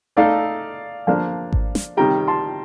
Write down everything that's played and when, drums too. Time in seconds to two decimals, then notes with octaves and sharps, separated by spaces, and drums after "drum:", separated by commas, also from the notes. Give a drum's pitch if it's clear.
0.17 A3 D#4 A4 D5 D#5 F5
1.07 F3 A#3 D4
1.53 drum: kick G#1
1.75 drum: snare
1.97 C3 D#3 G3 G5 A#5
2.28 A5 C6